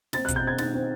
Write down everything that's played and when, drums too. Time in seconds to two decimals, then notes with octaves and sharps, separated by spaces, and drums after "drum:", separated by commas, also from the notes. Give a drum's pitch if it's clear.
0.13 C4 A6, drum: snare
0.25 F#6
0.29 B2, drum: kick, hi-hat
0.36 G6
0.43 C4 G#6
0.58 D#4 A6, drum: snare
0.74 C4